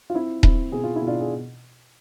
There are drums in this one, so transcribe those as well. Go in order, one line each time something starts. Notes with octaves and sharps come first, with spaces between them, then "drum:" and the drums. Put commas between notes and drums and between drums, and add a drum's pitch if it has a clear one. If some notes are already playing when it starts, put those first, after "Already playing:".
F4
C4 E4
C4 E4, drum: kick D#1
B2 G#4
F4
E4
B2
D4 F4
G#4